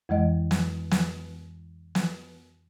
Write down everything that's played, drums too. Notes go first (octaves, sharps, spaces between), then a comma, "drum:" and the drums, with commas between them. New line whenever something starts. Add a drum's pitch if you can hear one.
F2 E3 G#3 D#5
drum: snare
drum: snare
drum: snare